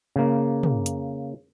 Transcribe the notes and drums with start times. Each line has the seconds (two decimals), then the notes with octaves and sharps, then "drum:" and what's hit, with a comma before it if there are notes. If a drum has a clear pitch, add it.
0.16 C#3 A#3
0.63 drum: tom
0.86 drum: hi-hat